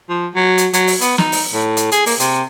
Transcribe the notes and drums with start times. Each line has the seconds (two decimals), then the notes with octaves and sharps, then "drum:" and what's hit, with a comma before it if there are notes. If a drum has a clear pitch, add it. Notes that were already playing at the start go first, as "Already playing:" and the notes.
0.09 F3
0.35 F#3
0.58 drum: hi-hat
0.73 F#3, drum: hi-hat
0.87 drum: open hi-hat
1.01 B3, drum: hi-hat
1.18 D#4, drum: snare
1.32 drum: open hi-hat
1.53 A2
1.77 drum: hi-hat
1.92 G#4, drum: hi-hat
2.06 A#3, drum: open hi-hat
2.20 C3, drum: hi-hat